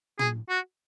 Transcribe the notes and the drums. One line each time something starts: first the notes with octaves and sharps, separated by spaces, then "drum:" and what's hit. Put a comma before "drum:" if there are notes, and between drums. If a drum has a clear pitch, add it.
G#4, drum: tom
F#4